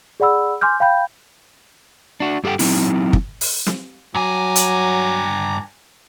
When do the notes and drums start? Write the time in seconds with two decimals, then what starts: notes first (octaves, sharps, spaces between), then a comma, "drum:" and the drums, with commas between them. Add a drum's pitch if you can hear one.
0.20 G#4 D5 F#5 B5 E6
0.61 G#5 C6 D6 F6 G6
0.80 F5 G5 B5 G6
2.20 D4 F#4
2.44 G2 G4 A4 F#5 G5
2.59 F#3 C4 D#4 E4, drum: open hi-hat
3.13 drum: kick
3.41 drum: open hi-hat
3.66 drum: snare
4.15 G2 F#3 G#5 A#5 D6
4.56 drum: hi-hat